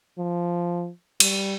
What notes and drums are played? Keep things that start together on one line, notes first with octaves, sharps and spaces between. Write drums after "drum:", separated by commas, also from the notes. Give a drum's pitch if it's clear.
F3
G3, drum: cymbal